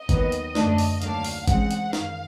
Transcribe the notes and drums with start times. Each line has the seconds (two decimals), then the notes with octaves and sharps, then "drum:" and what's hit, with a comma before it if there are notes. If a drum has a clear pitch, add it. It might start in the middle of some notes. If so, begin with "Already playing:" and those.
Already playing: D#5
0.09 D#2 D#3 F#3 B3, drum: kick G#1, hi-hat
0.32 drum: hi-hat
0.55 F#2 D3 F#3 A3 D4, drum: snare
0.78 drum: open hi-hat
1.02 D#2 D3 F#3 A3 D4 F5, drum: hi-hat
1.24 drum: open hi-hat
1.48 C#3 E3 G#3 C4 F#5, drum: kick G#1, hi-hat
1.71 drum: hi-hat
1.93 F#2 D#3 F5, drum: snare